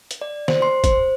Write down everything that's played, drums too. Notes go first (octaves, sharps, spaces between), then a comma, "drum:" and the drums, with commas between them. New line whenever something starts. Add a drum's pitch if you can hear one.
drum: hi-hat
D5
C5, drum: snare
C6
C5, drum: kick, hi-hat